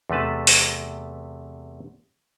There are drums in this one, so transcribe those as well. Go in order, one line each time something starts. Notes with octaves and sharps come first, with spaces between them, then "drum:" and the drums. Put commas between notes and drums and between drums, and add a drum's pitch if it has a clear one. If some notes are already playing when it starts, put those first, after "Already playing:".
E2 C3 A3 B4 A5
drum: open hi-hat